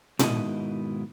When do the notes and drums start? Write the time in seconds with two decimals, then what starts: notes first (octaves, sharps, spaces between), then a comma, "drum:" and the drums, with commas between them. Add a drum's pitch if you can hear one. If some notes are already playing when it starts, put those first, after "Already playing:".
0.19 G#2 B2 D#3 E4 D#5, drum: tom A#2